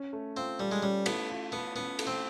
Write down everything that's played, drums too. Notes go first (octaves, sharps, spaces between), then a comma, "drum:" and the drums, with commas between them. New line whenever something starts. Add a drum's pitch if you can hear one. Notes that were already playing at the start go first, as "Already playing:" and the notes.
Already playing: C#4
A3
C4 F4
G3 A4
G#3
G3 C#4
A3 B3, drum: cymbal
F4
B3 A4
B3 C#4
A3, drum: cymbal
C4